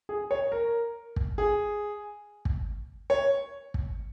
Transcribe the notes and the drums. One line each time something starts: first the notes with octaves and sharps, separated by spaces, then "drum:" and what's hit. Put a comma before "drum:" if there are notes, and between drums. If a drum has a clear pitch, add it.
G#4
C#5
A#4
drum: kick
G#4
drum: kick
C#5
drum: kick